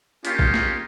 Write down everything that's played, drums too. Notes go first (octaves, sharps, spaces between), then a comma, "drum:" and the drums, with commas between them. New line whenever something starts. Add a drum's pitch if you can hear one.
A#3 C#4 D#4 F4 G4 G#4, drum: hi-hat
drum: kick A#1
drum: snare